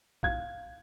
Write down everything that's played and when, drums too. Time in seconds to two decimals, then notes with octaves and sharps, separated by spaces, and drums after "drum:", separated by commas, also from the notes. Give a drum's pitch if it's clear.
0.23 F5 G#6, drum: kick